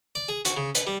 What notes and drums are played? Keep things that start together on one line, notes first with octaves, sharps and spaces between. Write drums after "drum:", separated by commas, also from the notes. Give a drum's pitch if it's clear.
D5
G#4
F#4, drum: hi-hat
C#3
B4, drum: hi-hat
G3